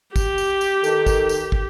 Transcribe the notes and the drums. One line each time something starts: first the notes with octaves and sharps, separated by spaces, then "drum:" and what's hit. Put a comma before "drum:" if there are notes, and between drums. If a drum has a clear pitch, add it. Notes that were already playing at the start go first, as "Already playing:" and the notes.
G4, drum: kick, tambourine
drum: tambourine
drum: tambourine
D#3 A4, drum: tambourine
drum: kick, tambourine
drum: tambourine
drum: kick